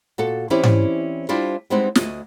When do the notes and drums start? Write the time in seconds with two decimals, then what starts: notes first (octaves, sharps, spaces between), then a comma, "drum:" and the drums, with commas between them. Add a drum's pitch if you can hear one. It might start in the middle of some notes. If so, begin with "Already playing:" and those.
0.18 A#2 F#4 A4
0.50 E3 C4 C#4 E4 G4 D5
0.63 drum: tom G#2
1.29 G3 D4 E4 F4 C5
1.70 G3 G#3 B3 C4 D#4 E4
1.95 D2 D#3 D#5, drum: snare